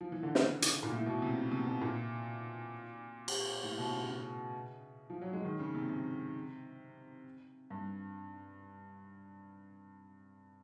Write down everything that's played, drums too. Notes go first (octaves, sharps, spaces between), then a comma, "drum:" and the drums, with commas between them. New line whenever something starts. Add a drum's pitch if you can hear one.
F3
E3
D3
C#3, drum: snare
drum: hi-hat
A#2
A2
B2
C3
C#3
C3
B2
A#2
drum: cymbal
A2
B2
C#3
C#3
F3
F#3
G#3
D#3
C#3
C3
C3
G2